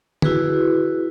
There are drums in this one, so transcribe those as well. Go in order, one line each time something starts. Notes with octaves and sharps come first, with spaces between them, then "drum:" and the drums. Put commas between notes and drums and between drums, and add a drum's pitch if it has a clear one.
E4 F#4 G#4 B4, drum: tom